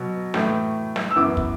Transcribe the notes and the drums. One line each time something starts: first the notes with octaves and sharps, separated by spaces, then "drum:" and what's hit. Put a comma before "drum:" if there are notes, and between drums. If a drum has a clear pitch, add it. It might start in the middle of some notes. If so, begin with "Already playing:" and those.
Already playing: B2 F#3
A2 E3 A3, drum: snare
drum: snare
E6
F#2 E3 B3 D6
drum: kick